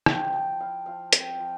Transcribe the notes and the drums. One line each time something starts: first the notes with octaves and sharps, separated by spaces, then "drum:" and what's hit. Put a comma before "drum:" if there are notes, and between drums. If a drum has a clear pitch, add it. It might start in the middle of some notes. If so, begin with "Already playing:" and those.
F3 G5, drum: rim click
F3 A5
E4 F5
F3 F5
C4 G5, drum: hi-hat
F3